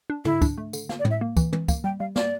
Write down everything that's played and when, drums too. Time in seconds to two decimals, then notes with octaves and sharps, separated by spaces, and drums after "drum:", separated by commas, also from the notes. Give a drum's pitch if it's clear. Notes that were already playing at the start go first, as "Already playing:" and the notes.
0.10 D4
0.25 D3 E4, drum: tom
0.42 D4, drum: kick, tambourine
0.58 A3
0.73 D3, drum: tambourine
0.89 A#3, drum: snare
0.99 D5
1.05 A2, drum: tom
1.10 E5
1.21 A#3
1.37 E3, drum: kick, tambourine
1.53 E3, drum: tom
1.68 A#3, drum: kick, tambourine
1.84 G3 G5
2.00 G3 F5
2.16 A#3 D5, drum: snare